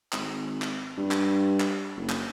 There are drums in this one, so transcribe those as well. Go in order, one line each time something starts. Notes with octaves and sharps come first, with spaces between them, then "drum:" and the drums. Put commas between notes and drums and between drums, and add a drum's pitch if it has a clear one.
G#1, drum: clap
drum: clap
G2
drum: clap
drum: clap
F#1
drum: clap